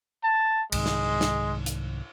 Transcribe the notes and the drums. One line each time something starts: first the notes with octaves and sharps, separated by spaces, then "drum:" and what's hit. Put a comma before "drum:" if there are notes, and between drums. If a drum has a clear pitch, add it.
A5
C2 G#2 D#3 G#3, drum: cymbal
drum: snare
drum: snare
drum: hi-hat